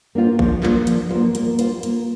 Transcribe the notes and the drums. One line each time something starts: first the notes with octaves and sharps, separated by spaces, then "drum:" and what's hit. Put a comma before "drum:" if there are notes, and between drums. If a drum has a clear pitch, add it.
A#3 D4 F4 C5
F3, drum: kick A#1
A#3 D4 F4 C5, drum: clap
F3, drum: hi-hat
A#3 D4 F4 C5, drum: tom E3
A#3, drum: hi-hat
F4 C5, drum: hi-hat
A#3, drum: hi-hat